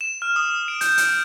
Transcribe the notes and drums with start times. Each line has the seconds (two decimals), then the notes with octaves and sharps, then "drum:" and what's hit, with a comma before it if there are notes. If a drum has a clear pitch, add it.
0.01 E7
0.22 F6
0.36 D#6
0.68 D7
0.81 G6, drum: hi-hat
0.97 drum: hi-hat